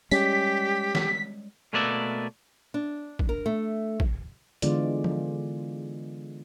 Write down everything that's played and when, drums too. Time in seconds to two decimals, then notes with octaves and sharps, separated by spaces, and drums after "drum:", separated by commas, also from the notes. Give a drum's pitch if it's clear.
0.11 G3 G#3 C#4 G4 B6, drum: tambourine
0.95 drum: snare
1.73 B2 A3 A#3 B4 D5 E5
2.74 D4
3.19 drum: kick
3.29 A#4
3.46 A3
4.00 drum: kick
4.62 D3 E3 G#3 B3 F4 D5, drum: hi-hat
5.04 drum: tom F3